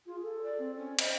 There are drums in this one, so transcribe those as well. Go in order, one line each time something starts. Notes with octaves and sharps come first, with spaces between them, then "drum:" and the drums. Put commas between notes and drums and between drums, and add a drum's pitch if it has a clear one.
F4 G#4
A4
D5
C4
C#4
C5 D#5, drum: cymbal